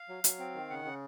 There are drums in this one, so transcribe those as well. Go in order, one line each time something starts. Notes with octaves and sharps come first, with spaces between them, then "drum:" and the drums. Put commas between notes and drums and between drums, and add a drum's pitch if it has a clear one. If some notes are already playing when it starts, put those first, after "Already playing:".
Already playing: F5
F#3
F#3, drum: hi-hat
C4
D#3
C#3 F#5
C#3